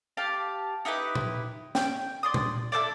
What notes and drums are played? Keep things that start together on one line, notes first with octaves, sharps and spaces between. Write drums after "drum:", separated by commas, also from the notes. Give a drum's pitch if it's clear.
G4 F5 A5
D#4 E4 G4 B4
drum: tom A#2
G5, drum: snare
D5 C6 D#6
drum: tom A#2
E4 A4 C5 D5